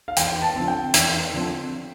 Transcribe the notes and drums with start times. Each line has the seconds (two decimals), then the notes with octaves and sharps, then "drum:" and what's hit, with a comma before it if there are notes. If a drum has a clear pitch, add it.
0.08 F5
0.17 E2 G5, drum: hi-hat
0.42 A5
0.55 D3 F3 C4
0.68 G5
0.94 E2, drum: hi-hat
1.33 D3 F3 C4